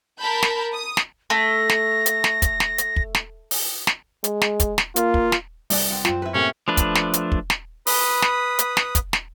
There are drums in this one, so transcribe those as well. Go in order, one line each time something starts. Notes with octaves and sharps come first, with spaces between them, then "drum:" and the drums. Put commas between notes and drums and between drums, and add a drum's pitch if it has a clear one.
A#4 A5 B5 G6
drum: snare
D#6
drum: snare
A3 A#6
drum: snare
drum: hi-hat
drum: snare
drum: kick, hi-hat
drum: snare
drum: hi-hat
drum: kick
drum: snare
drum: open hi-hat
drum: snare
G#3, drum: hi-hat
drum: snare
drum: kick, hi-hat
drum: snare
A#3 F4, drum: hi-hat
drum: kick
drum: snare
C2 D5 F#6, drum: open hi-hat
C4 F#5
F#2 C4 F4, drum: snare
E4 B4
A2 C3 A#3 C#4
F3 A3 D4 B4
drum: kick, hi-hat
drum: snare
drum: hi-hat
drum: kick
drum: snare
B4 B5 D#6, drum: open hi-hat
drum: snare
drum: hi-hat
drum: snare
drum: kick, hi-hat
drum: snare